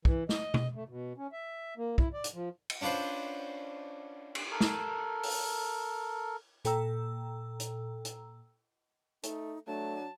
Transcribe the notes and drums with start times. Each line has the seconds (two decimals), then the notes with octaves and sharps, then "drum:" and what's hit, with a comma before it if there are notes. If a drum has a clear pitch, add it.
0.05 E3, drum: kick
0.29 D#5, drum: snare
0.54 drum: tom B2
0.75 A3
0.89 B2
1.17 C#4
1.32 E5
1.77 A#3
1.98 E4, drum: kick
2.14 D5
2.24 drum: hi-hat
2.34 F3
2.70 drum: cymbal
2.81 C#4 D4 F4 B4 C5
4.35 drum: cymbal
4.51 A4 A#4
4.60 drum: snare
5.23 drum: open hi-hat
6.65 A#2 A4 G5 A#5 E6, drum: hi-hat
7.60 drum: hi-hat
8.05 drum: hi-hat
9.23 A3 D#4, drum: hi-hat
9.67 F#3 A3 D4 A5